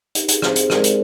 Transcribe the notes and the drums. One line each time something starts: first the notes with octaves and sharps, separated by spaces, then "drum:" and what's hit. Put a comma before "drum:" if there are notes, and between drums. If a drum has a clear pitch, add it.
D#4 G4, drum: hi-hat
G#4, drum: hi-hat
C4 G#4 C5, drum: rim click
G#4 C5, drum: hi-hat
G#3 A#4 D5, drum: rim click
drum: hi-hat